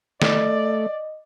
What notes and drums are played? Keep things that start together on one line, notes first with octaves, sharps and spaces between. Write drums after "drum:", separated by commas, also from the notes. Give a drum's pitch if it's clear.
A3 D5 D#5, drum: snare